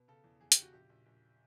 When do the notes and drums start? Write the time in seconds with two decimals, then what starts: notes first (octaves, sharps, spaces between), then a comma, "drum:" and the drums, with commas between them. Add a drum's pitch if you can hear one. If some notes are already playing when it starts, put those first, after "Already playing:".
Already playing: B2
0.08 C#3 A4
0.24 E2
0.41 E2 G#4
0.52 G4, drum: hi-hat
0.57 C#3 F#4
0.73 A#1 G4
0.89 A#1
1.06 A#1